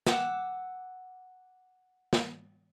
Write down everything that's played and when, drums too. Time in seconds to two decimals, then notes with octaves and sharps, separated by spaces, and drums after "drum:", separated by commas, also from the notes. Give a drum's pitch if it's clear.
0.07 F#5 A5 D6 E6, drum: snare
2.13 drum: snare